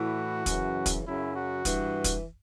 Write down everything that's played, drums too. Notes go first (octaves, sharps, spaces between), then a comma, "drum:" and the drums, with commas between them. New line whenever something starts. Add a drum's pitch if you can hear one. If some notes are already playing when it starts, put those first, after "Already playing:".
Already playing: A2 E3 F#4
F#2 C#3 E3, drum: kick, hi-hat
drum: kick, hi-hat
F#2 C#3 F#3 E4
F#4
G2 E3, drum: kick, hi-hat
drum: kick, hi-hat